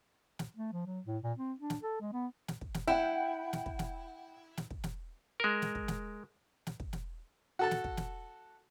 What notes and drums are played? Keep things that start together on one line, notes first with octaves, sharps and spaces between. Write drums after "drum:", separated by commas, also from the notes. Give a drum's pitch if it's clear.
drum: snare
A3
F3
F#3
A2
A#2
C4
D4
drum: snare
A4
G#3
B3
drum: snare
drum: kick
drum: snare
E4 F#5 G5
drum: snare
drum: kick
drum: snare
drum: snare
drum: kick
drum: snare
G#3 A#4
drum: snare
drum: kick
drum: snare
drum: snare
drum: kick
drum: snare
F#4 A4 A5
drum: snare
drum: kick
drum: snare